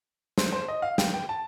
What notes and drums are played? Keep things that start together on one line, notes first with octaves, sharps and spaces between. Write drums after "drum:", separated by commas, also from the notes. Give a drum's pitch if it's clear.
C5, drum: snare
C5
D#5
F5
G5, drum: snare
G5
A5